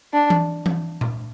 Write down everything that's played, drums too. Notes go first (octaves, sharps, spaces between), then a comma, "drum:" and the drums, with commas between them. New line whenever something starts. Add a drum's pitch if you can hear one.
D4
drum: tom E3
drum: tom E3
drum: tom A#2